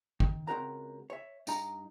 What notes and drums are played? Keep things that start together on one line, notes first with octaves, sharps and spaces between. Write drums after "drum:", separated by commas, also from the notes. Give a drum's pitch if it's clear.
D#3, drum: kick
C#2 C4 F#4 A#4 A#5
C#5 E5
G2 D#4 A#5, drum: tambourine